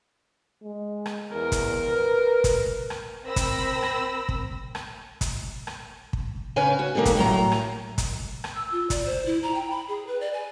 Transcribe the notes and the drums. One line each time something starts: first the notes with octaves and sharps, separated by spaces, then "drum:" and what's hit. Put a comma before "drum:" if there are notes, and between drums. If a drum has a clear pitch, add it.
G#3
drum: rim click
E2 A#4
drum: kick, hi-hat
B4
drum: kick, hi-hat
drum: rim click
C4 A#4 B5 E6 A#6
drum: kick, hi-hat
drum: rim click
drum: kick
drum: rim click
drum: kick, hi-hat
drum: rim click
drum: kick
C#3 C#4 B4 G#5
F#4
D3 D#3 G3 A#3 A#4
drum: kick, hi-hat
A2 F#3 A#5
drum: rim click
drum: kick, hi-hat
drum: rim click
E6
F4
D5, drum: kick, hi-hat
C5
E4
A#5
G5
B5
G#4
B4
D5
G#5